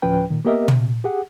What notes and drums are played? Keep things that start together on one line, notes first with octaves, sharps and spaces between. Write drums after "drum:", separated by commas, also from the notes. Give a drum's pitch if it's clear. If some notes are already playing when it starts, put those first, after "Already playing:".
D2 A2 F3 C#4 B4 G5
A#2 D#3
A#3 B3 G4 A#4 D#5 E5
C3, drum: tom
G4 G#4 F#5